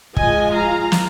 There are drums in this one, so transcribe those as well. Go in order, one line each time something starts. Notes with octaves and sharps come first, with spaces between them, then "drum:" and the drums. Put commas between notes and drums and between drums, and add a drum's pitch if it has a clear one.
F3 G#3 F4 D#5 G#5, drum: kick
F5 A#5
drum: snare